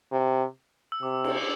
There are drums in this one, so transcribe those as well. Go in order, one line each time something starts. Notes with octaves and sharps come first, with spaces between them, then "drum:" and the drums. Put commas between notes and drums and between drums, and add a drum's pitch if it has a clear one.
C3
E6
C3 D6
drum: cymbal